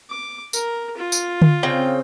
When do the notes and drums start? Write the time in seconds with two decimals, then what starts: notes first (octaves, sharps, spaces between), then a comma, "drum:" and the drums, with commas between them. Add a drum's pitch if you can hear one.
0.10 D6
0.53 A#4, drum: tambourine
0.97 F4
1.12 drum: tambourine
1.42 drum: tom D3
1.63 C#3 C4 G5